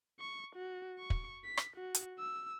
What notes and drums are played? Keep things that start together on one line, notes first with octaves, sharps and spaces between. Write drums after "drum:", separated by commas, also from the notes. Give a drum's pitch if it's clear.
C#6
F#4
C#6
drum: kick
B6
drum: rim click
F#4
drum: hi-hat
E6